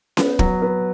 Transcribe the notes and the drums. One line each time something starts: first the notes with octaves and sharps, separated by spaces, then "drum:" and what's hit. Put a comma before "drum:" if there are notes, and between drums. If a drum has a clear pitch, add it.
B3, drum: snare C#4
F#3, drum: kick
B3